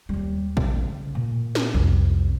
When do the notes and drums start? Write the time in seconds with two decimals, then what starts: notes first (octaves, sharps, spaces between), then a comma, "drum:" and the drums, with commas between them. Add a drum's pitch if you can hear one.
0.09 D#2 G3
0.57 C#3, drum: kick A1
1.15 A#2
1.55 drum: snare
1.74 C2 F2